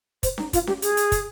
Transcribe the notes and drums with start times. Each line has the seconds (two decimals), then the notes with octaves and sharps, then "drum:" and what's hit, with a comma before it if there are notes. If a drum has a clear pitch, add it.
0.23 C5, drum: kick, hi-hat
0.38 D#4, drum: snare C#4
0.53 F4, drum: kick, hi-hat
0.67 G4, drum: snare C#4
0.82 G#4, drum: hi-hat
0.97 drum: hi-hat
1.12 drum: kick, hi-hat